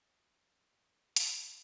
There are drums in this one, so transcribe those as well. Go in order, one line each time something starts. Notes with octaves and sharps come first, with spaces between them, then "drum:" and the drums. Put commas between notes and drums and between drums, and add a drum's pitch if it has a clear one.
C5 D#6
drum: hi-hat